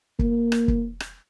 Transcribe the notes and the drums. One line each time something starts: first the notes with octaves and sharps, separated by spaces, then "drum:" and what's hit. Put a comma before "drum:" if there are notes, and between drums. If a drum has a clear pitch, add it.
A#3, drum: kick
drum: rim click
drum: kick
drum: rim click